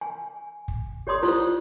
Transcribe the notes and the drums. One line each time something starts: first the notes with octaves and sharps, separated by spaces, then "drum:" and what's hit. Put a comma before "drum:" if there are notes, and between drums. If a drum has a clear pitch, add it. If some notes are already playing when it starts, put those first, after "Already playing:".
G#5
drum: kick
G4 C#5 D5 C6 D#6
E4 F4 C5, drum: open hi-hat